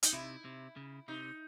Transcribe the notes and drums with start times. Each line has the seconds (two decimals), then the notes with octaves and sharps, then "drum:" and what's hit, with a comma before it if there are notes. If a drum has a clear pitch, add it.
0.03 D#4, drum: hi-hat
0.13 C3 E4
0.45 C3
0.77 C#3
1.08 C3 D#4